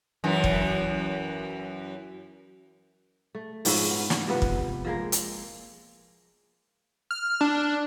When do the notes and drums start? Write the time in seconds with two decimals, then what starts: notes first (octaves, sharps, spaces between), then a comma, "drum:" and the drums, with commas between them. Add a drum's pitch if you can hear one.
0.24 F#2 E3
0.44 drum: kick
3.35 A3
3.65 G#2 F3 C#4 E4, drum: open hi-hat
3.91 B3
4.10 drum: snare
4.27 C3 F3 B3 B4
4.42 drum: kick
4.85 F3 G#3 A#3
5.12 drum: hi-hat
7.11 F6
7.41 D4